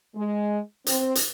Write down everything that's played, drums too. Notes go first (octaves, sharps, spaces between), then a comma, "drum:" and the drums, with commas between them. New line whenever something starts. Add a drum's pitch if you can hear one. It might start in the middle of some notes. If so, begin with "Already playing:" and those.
G#3
C4, drum: hi-hat
drum: hi-hat